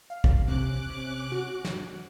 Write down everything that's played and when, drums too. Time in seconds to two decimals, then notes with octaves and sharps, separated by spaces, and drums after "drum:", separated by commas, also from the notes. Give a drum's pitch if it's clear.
0.10 F5
0.24 drum: kick
0.48 C3 C#4 D6 F#6
0.90 C3
1.32 F#4
1.65 drum: snare